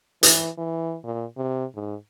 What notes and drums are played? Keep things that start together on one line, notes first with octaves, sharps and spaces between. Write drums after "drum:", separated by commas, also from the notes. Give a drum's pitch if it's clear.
E3, drum: hi-hat
E3
A#2
C3
G#2